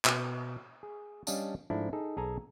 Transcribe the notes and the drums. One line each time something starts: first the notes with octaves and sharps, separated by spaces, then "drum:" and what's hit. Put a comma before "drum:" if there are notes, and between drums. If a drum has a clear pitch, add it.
B2, drum: clap
G#4
G3 C#4 D4 D#5 F5 A5, drum: tambourine
G#2 F3 A3 D4 E4
D#4 G#4 A4
B1 G#4 A4 G#5 A#5